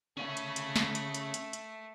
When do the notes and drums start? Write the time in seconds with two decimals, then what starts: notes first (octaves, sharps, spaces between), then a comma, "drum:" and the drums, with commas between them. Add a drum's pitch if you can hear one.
0.17 A3 C#4 F5
0.37 drum: hi-hat
0.56 drum: hi-hat
0.76 drum: snare
0.95 drum: hi-hat
1.14 drum: hi-hat
1.34 drum: hi-hat
1.53 drum: hi-hat